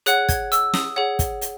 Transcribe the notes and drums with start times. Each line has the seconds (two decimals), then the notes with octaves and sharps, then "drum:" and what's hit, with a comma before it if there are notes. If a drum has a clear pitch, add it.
0.06 G#4 C#5 F#5 F#6, drum: hi-hat
0.29 G#6, drum: kick, hi-hat
0.52 E6, drum: hi-hat
0.74 D#6, drum: snare
0.96 G#4 C#5 F#5
1.19 drum: kick, hi-hat
1.41 drum: hi-hat